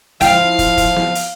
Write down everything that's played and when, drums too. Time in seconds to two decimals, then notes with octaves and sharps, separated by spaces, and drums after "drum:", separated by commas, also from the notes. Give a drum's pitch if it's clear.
0.21 F3 E4 F5 G5, drum: hi-hat
0.59 drum: kick, hi-hat
0.77 drum: kick, hi-hat
0.96 drum: snare
1.15 drum: hi-hat